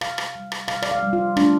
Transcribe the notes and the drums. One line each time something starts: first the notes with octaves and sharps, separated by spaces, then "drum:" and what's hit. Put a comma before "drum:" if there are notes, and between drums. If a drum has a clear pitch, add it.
C3 F5, drum: rim click
drum: rim click
G3
drum: rim click
C3 F5, drum: rim click
D5, drum: rim click
F5
G3
F4
A3 D4, drum: rim click